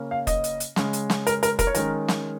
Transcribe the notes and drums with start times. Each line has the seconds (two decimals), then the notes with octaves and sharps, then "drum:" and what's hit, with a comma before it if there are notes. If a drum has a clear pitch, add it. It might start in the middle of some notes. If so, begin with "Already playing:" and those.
Already playing: C#3 A#3 C#4
0.11 F5
0.27 D#5, drum: kick, hi-hat
0.44 drum: hi-hat
0.60 drum: hi-hat
0.76 C#3 G#3 C#4, drum: snare
0.93 drum: hi-hat
1.10 drum: snare
1.27 A#4, drum: hi-hat
1.43 A#4, drum: hi-hat
1.59 A#4, drum: kick, hi-hat
1.67 C#5
1.75 D#3 G#3 C#4 A#4, drum: hi-hat
2.08 drum: snare